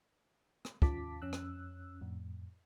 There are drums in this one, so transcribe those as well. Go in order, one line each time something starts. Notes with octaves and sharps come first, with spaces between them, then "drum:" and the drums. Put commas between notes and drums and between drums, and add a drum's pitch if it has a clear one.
drum: rim click
D#2 C#4 F4 A5 D6 B6, drum: kick
F2 C#4 E6 F#6
drum: rim click
F2 A2